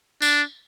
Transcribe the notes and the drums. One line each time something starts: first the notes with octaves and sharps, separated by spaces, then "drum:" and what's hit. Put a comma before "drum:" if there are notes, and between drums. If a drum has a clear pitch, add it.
D4, drum: tambourine